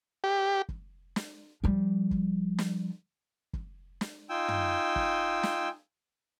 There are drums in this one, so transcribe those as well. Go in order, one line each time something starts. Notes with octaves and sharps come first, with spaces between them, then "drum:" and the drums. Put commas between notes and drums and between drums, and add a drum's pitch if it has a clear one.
G4
drum: kick
drum: snare
F3 G3
drum: kick
drum: snare
drum: kick
drum: snare
D#4 F4 G5 G#5 E6
drum: tom
drum: kick
drum: snare